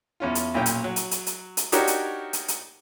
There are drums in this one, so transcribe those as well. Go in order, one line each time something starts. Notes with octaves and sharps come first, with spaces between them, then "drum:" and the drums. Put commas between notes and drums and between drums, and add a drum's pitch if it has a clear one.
E2 C#4 F4
drum: hi-hat
B1 A#2 C#4 G5
drum: hi-hat
F#3
drum: hi-hat
drum: hi-hat
drum: hi-hat
drum: hi-hat
D4 D#4 F#4 G4 A#4 C#5, drum: hi-hat
drum: hi-hat
drum: hi-hat
drum: hi-hat